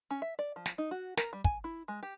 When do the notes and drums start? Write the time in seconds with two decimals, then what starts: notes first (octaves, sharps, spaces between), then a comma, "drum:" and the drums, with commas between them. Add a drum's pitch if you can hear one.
0.11 C#4
0.22 E5
0.39 D5
0.56 F3
0.66 drum: snare
0.78 D#4
0.91 F#4
1.17 A#4, drum: snare
1.33 G3
1.44 G#5, drum: kick
1.64 E4
1.88 G#3
2.03 G4